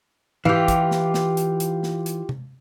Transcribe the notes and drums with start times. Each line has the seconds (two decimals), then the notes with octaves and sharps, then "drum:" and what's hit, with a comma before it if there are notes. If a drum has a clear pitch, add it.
0.45 E3 F4 G4, drum: tom G#2
0.68 drum: kick, hi-hat
0.91 drum: snare
1.14 drum: snare
1.37 drum: hi-hat
1.60 drum: hi-hat
1.83 drum: snare
2.06 drum: hi-hat
2.29 drum: tom C3